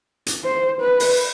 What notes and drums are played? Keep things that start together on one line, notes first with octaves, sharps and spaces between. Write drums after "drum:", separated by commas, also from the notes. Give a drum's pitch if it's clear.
drum: hi-hat
C5
B4
drum: open hi-hat